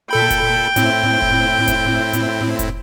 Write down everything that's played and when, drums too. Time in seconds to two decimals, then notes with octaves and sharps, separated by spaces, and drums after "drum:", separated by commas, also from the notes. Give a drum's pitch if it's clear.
0.11 A#2 A4 G5 B5
0.30 drum: kick F1, hi-hat
0.76 A2 C4 E4, drum: hi-hat
1.22 drum: kick F1
1.68 drum: kick F1, hi-hat
2.13 drum: hi-hat
2.59 drum: kick F1, hi-hat